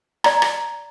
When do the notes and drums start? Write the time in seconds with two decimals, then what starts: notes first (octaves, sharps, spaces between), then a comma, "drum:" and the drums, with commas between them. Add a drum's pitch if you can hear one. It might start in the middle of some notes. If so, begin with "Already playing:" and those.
0.24 D5 A#5, drum: rim click
0.42 drum: rim click